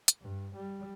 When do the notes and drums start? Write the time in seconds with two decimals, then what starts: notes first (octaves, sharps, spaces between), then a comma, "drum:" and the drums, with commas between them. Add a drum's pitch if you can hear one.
0.08 drum: hi-hat
0.22 G2
0.56 G3